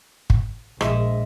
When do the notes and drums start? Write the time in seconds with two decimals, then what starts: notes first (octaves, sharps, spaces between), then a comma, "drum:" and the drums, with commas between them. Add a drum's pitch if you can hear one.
0.30 drum: kick
0.81 A#1 G#3 E5, drum: rim click